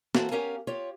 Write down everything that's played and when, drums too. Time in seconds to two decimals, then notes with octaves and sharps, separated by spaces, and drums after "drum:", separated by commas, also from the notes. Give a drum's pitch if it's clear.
0.15 E3 A#3 C4 E4 F#4 A4, drum: snare
0.31 B3 C#4 G4 A#4 F5 G#5
0.67 F4 G4 C#5